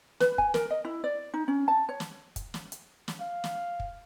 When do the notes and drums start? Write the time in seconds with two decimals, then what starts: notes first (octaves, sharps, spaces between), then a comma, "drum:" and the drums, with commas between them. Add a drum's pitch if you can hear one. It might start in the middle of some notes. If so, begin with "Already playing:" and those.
0.20 B4, drum: snare
0.38 G#5, drum: kick
0.54 A#4, drum: snare
0.71 D#5
0.85 E4
1.04 D5
1.34 D#4
1.48 C#4
1.68 A5
1.89 C#5
2.00 drum: snare
2.36 drum: kick, hi-hat
2.54 drum: snare
2.72 drum: hi-hat
3.08 drum: snare
3.21 F5
3.44 drum: snare
3.80 drum: kick